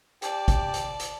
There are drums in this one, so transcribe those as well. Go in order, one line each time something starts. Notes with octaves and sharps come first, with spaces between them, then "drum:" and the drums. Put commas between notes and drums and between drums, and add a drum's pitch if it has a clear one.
G4 D5 A5, drum: hi-hat
drum: kick, hi-hat
drum: hi-hat
drum: hi-hat